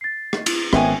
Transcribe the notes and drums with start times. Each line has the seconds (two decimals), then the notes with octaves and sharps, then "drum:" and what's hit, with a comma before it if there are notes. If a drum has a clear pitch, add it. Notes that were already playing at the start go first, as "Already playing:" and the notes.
0.01 A6 C7
0.33 drum: rim click
0.46 drum: cymbal
0.73 G#1 B3 C#4 A#4 E5 G5 G#5, drum: rim click